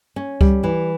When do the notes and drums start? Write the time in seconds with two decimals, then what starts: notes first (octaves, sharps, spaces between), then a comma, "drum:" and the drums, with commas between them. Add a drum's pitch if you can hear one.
0.16 C#4
0.41 G3, drum: kick C#2
0.63 E3